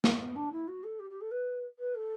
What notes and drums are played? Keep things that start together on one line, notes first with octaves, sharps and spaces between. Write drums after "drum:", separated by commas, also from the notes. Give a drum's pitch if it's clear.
B3, drum: snare
B3
D4
E4
F#4
A4
G4
G4
A4
B4
B4
A4